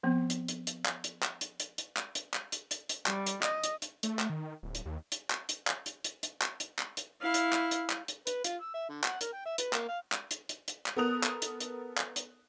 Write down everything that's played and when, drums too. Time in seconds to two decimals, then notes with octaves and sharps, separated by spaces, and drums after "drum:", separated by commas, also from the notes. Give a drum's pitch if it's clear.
0.03 F3 B3 C4
0.30 drum: hi-hat
0.48 drum: hi-hat
0.67 drum: hi-hat
0.86 drum: clap
1.04 drum: hi-hat
1.23 drum: clap
1.41 drum: hi-hat
1.60 drum: hi-hat
1.78 drum: hi-hat
1.97 drum: clap
2.15 drum: hi-hat
2.34 drum: clap
2.52 drum: hi-hat
2.71 drum: hi-hat
2.89 drum: hi-hat
3.06 G3, drum: clap
3.26 drum: hi-hat
3.43 D#5, drum: clap
3.64 drum: hi-hat
3.82 drum: hi-hat
4.03 A3, drum: hi-hat
4.19 drum: clap
4.30 D#3
4.63 D1
4.75 drum: hi-hat
4.86 D#2
5.12 drum: hi-hat
5.30 drum: clap
5.49 drum: hi-hat
5.67 drum: clap
5.86 drum: hi-hat
6.04 drum: hi-hat
6.23 drum: hi-hat
6.42 drum: clap
6.60 drum: hi-hat
6.79 drum: clap
6.97 drum: hi-hat
7.21 E4 F5
7.34 drum: hi-hat
7.53 drum: clap
7.71 drum: hi-hat
7.90 drum: clap
8.08 drum: hi-hat
8.27 B4, drum: hi-hat
8.44 F4, drum: hi-hat
8.61 E6
8.74 E5
8.89 D3
9.04 F#5, drum: clap
9.21 A#4, drum: hi-hat
9.33 G5
9.46 E5
9.58 B4, drum: hi-hat
9.73 A#3, drum: clap
9.89 F5
10.12 drum: clap
10.31 drum: hi-hat
10.49 drum: hi-hat
10.68 drum: hi-hat
10.86 drum: clap
10.96 B3 A4 A#4 D#6 F#6 F7
11.23 drum: clap
11.42 drum: hi-hat
11.60 drum: hi-hat
11.98 drum: clap
12.16 drum: hi-hat